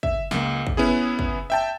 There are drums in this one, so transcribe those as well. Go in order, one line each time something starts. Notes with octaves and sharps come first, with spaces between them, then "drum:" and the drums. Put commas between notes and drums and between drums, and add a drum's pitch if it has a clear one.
E5, drum: kick
C#2 A#3, drum: snare
drum: kick
B3 C#4 E4 G#4
drum: kick
E5 G5 A5